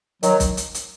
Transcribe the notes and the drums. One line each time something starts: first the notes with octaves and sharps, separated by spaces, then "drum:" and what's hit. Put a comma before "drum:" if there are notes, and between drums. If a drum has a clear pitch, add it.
D#3 F#3, drum: hi-hat
drum: kick B1, hi-hat
drum: hi-hat
drum: hi-hat